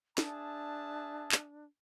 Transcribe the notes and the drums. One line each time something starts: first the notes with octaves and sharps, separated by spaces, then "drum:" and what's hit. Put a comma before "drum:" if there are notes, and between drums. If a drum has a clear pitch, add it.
D4 G#4 E5 A5, drum: snare
drum: clap